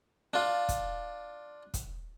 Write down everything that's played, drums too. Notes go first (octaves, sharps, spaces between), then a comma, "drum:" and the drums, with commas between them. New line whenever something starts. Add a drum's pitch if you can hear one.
D4 F4
drum: kick, hi-hat
drum: kick, hi-hat